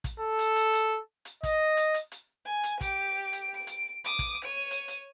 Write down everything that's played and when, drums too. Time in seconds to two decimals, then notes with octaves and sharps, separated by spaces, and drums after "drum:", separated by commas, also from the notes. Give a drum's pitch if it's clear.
0.04 drum: kick, hi-hat
0.20 A4
0.39 drum: hi-hat
0.56 drum: hi-hat
0.73 drum: hi-hat
1.25 drum: hi-hat
1.43 D#5, drum: kick, hi-hat
1.77 drum: hi-hat
1.94 drum: hi-hat
2.12 drum: hi-hat
2.45 G#5
2.63 drum: hi-hat
2.81 G4 D7, drum: kick, hi-hat
3.32 drum: hi-hat
3.55 D7
3.67 drum: hi-hat
4.05 D6 D#6, drum: hi-hat
4.19 drum: kick, hi-hat
4.44 C#5 D#7
4.71 drum: hi-hat
4.88 drum: hi-hat